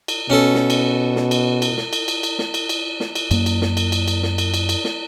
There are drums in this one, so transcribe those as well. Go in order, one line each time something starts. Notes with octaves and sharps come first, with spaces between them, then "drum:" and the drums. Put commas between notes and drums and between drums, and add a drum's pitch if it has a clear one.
drum: cymbal
B2 C#4 A4
drum: snare
drum: cymbal
drum: snare
drum: cymbal
drum: cymbal
drum: snare
drum: cymbal
drum: cymbal
drum: cymbal
drum: snare
drum: cymbal
drum: cymbal
drum: snare
drum: cymbal
F#2 A#3, drum: cymbal
drum: cymbal
drum: snare
drum: cymbal
drum: cymbal
drum: cymbal
drum: snare
drum: cymbal
drum: cymbal
drum: cymbal
drum: snare